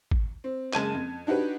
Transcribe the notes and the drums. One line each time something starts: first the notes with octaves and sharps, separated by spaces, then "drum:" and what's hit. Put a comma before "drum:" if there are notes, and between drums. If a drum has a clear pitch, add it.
drum: kick G#1
C4
F#1 G#3 A5 G#6 D#7, drum: clap
F2
D4 D#4 F#4 G4 B4